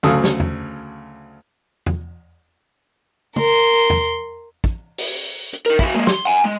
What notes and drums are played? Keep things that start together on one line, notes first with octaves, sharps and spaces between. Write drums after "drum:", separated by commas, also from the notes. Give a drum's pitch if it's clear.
D2 C#3 F#3 A4 F5 D#6
drum: snare
drum: tom E2
drum: tom E2
A#4 C6, drum: tom
drum: tom E2
drum: kick
drum: open hi-hat
drum: hi-hat
D#4 A#4
E4 F#4, drum: kick
G#3 A#3
C6, drum: snare
F#5 G#5
G#3